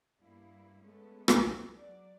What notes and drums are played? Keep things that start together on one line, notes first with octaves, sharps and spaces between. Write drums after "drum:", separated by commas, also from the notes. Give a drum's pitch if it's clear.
G2 A#3 E4
G#3 A3 B3 C#4 A4
drum: rim click
F#3 D5